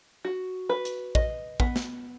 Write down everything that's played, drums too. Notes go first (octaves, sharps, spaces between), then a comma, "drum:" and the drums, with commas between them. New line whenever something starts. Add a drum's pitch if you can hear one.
F#4
B4
drum: hi-hat
D#5, drum: kick
B3, drum: kick
drum: snare